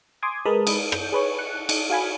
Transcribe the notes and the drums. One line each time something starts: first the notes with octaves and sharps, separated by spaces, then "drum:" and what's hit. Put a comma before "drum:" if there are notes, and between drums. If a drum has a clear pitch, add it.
G#5 C6 D6 D#6 G#6
G#3 A#4 B4 A5 B5 D#6
drum: cymbal
G6, drum: rim click
G#4 B4 C#5
F#6 C#7
drum: cymbal
F#4 F5 G#5 B5